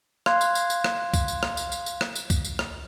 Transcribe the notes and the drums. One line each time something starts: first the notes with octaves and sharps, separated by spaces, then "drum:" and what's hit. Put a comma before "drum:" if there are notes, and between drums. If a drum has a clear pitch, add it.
F5 C6 F#6 G#6, drum: rim click
drum: tambourine
drum: tambourine
drum: tambourine
drum: rim click
drum: kick C2, tambourine
drum: tambourine
drum: rim click
drum: tambourine
drum: tambourine
drum: tambourine
drum: rim click
drum: tambourine
drum: kick C2, tambourine
drum: tambourine
drum: rim click